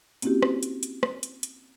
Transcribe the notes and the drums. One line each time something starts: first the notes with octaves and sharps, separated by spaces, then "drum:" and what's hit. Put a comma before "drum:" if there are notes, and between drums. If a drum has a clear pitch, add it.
A#3 C4 C#4 E4 F#4 G4, drum: hi-hat
drum: rim click
drum: hi-hat
drum: hi-hat
drum: rim click
drum: hi-hat
drum: hi-hat